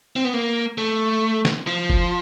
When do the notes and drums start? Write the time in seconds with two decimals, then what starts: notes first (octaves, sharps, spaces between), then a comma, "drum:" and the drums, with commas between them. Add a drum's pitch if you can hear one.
0.16 C4
0.24 B3
0.34 A#3
0.78 A3
1.45 drum: snare
1.67 F3
1.90 drum: kick F#1